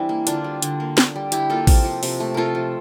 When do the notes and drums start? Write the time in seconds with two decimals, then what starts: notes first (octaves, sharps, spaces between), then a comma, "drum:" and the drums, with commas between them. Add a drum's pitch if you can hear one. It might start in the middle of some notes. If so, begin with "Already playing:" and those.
Already playing: E3 G3 C4 D4 E4
0.09 A#3
0.27 D3 D4 F4, drum: hi-hat
0.44 G3
0.62 D3, drum: hi-hat
0.80 A#3
0.98 D3, drum: snare
1.16 G3
1.32 D3 E4 G4, drum: hi-hat
1.50 A#3 F4 A4
1.67 C3, drum: kick A1, open hi-hat
1.85 F3
2.03 C3, drum: open hi-hat
2.20 A3
2.34 C3 F4 A4 A#4
2.55 F3